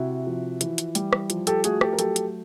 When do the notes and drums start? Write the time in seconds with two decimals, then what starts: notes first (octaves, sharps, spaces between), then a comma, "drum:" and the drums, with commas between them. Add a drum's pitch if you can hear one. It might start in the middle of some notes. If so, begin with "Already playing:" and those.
Already playing: C3 E4 F#4
0.26 F3
0.61 E3, drum: hi-hat
0.78 drum: hi-hat
0.95 G3, drum: hi-hat
1.13 drum: rim click
1.30 F3, drum: hi-hat
1.47 G4 A4, drum: hi-hat
1.64 A3 F#4 G#4, drum: hi-hat
1.81 G4 A4, drum: rim click
1.93 A#4
1.99 F#3 G4 A4, drum: hi-hat
2.16 drum: hi-hat